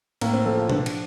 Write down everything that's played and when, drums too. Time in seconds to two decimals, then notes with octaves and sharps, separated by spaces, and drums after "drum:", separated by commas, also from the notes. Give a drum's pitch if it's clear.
0.21 A2 A#3, drum: cymbal
0.33 C4
0.46 F3 A4
0.57 F4
0.70 F3 D4, drum: tom B2
0.86 drum: cymbal